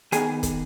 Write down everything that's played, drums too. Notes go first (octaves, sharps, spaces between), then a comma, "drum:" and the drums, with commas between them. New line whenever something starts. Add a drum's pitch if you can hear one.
D#3 B3 D#4 G#4 G#5, drum: hi-hat
drum: kick, hi-hat